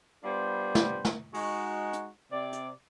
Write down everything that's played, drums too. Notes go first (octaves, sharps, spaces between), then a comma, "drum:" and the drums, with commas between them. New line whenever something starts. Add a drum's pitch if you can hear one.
G3 B3 D4 F4 C5
drum: snare
drum: snare
G#3 D#4 F#4, drum: open hi-hat
drum: hi-hat
C3 D5
drum: hi-hat